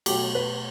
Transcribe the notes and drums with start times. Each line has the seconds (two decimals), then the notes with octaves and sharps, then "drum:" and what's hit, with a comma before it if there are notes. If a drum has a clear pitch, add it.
0.06 B2 F#3 A3 G4, drum: cymbal
0.35 B4